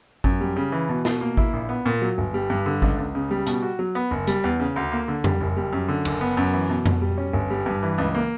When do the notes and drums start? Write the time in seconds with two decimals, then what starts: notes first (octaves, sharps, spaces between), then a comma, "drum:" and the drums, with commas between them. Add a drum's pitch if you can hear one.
0.24 F#2, drum: kick G#1
0.41 G3
0.56 C#3
0.72 E3
0.89 B2
1.05 B2, drum: snare
1.21 A#3
1.37 E4, drum: kick G#1
1.53 A#1
1.69 B3
1.86 A#2
2.02 F#3
2.18 G1
2.34 G3
2.50 G2
2.66 D3
2.82 C#2, drum: kick G#1
2.98 C#2
3.15 C#3
3.31 G3
3.47 B2, drum: hi-hat
3.63 F#4
3.79 F#3
3.95 B3
4.11 F#1
4.27 G3, drum: hi-hat
4.44 E2
4.60 C#3
4.76 D2
4.92 A#3
5.08 D3
5.24 G3, drum: tom F2
5.41 F#1
5.57 G3
5.73 F#2
5.89 D3
6.05 F#1, drum: cymbal
6.21 B3
6.37 F#2
6.53 E3
6.69 B2
6.86 B2, drum: tom F2
7.01 G3
7.18 C#4
7.33 G1
7.50 G3
7.66 G2
7.82 E3
7.98 C#2
8.15 A#3